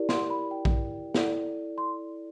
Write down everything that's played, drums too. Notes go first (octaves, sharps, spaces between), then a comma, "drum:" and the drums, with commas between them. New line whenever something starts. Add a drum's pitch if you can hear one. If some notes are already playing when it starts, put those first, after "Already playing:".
Already playing: E4 G4 A#4 D5
C6, drum: snare
B5
G5
drum: kick A#1
E4 A4 D5, drum: snare
C6